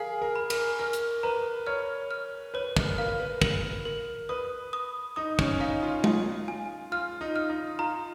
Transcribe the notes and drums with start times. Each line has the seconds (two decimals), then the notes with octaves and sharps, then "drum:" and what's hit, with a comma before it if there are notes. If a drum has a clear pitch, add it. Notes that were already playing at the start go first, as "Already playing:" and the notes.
Already playing: G#4 A#4 F5
0.22 A#4
0.36 B5
0.50 A#4, drum: cymbal
0.79 A#4 F6
0.93 drum: hi-hat
1.23 B4 A#5
1.67 C#5 F6
2.11 F6
2.54 B4 C#5
2.76 A#4, drum: kick
2.98 A#4 F5
3.20 B4
3.42 A#4, drum: kick
3.85 A#4
4.29 B4 D#6
4.73 D#6
5.16 D#4 D#6
5.39 C#4, drum: kick
5.60 D#4 F5
5.83 F4
6.04 F4 C#5, drum: tom G#3
6.48 G#5
6.92 F4 F6
7.21 D#4
7.36 F6
7.50 D#4
7.79 F4 A#5